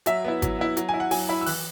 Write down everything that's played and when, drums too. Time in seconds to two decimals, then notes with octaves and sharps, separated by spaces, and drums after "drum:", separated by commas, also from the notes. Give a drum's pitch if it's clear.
0.06 F#3 E5, drum: hi-hat
0.25 B3 E4
0.42 F#3, drum: kick G#1, hi-hat
0.59 B3 E4
0.77 F#3, drum: hi-hat
0.89 G#5
0.94 E4
1.00 F#5
1.11 F#3 G#5, drum: open hi-hat
1.29 E4 B5
1.41 E6
1.46 E3 F#6, drum: open hi-hat